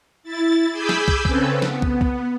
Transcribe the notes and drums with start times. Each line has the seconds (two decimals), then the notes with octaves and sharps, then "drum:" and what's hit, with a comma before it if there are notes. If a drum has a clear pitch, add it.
0.23 E4 A6
0.71 G#4 G#5 B5 D6 E6 G6
0.89 drum: snare
1.08 drum: kick
1.25 C#3 C4 C#4 A4 B4, drum: kick
1.62 B3, drum: snare
1.82 drum: kick
2.01 drum: kick